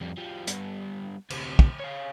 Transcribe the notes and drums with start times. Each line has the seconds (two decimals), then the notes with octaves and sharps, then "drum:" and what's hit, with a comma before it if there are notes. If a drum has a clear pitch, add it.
0.01 F2 G3
0.17 F3 G3
0.47 G2 B3, drum: hi-hat
1.30 D2 C3, drum: cymbal
1.59 drum: kick
1.80 C#5 F5